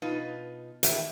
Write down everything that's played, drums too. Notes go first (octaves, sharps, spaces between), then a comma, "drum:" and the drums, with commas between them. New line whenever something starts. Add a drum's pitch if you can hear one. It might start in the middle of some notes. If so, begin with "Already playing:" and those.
B2 D#4 F4 B4
E2 A2 D#3 E4 G4 E5, drum: hi-hat